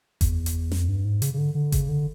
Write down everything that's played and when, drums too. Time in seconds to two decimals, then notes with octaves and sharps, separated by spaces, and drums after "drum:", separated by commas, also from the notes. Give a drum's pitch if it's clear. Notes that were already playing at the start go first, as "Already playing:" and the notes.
0.21 E2, drum: kick F#1, hi-hat
0.46 drum: hi-hat
0.72 F2, drum: snare
0.88 G2
1.05 G#2
1.22 C#3, drum: hi-hat
1.34 C#3
1.38 D3
1.55 D3
1.72 C#3, drum: kick F#1, hi-hat
1.89 D3